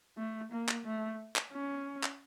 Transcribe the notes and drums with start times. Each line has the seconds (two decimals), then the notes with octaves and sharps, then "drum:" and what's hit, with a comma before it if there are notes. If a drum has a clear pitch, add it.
0.17 A3
0.52 A#3
0.69 drum: clap
0.86 A3
1.36 drum: clap
1.52 C#4
2.03 drum: clap